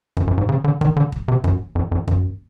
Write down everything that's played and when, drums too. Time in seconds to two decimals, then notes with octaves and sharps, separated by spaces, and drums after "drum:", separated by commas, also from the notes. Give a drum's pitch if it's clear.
0.17 F#2, drum: kick
0.27 F#2
0.38 G#2
0.49 C#3
0.64 D3
0.81 D#3, drum: kick
0.96 D3
1.12 drum: kick
1.28 C3
1.44 F#2, drum: kick
1.75 F2
1.91 F2
2.08 F#2, drum: kick